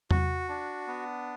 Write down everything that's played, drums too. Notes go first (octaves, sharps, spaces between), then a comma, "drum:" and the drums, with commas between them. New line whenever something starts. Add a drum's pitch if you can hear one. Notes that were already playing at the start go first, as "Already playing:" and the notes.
F#4, drum: tom E2
D4
B3